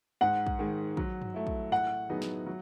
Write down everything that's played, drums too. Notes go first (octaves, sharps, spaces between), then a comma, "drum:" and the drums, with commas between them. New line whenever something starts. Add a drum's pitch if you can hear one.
G#2 F#5
drum: kick
D#3 G#3
F#3, drum: kick
drum: tom
A3 E4
drum: kick
A2 F#5
F#3 B3 D#4 G#4
drum: snare
F#3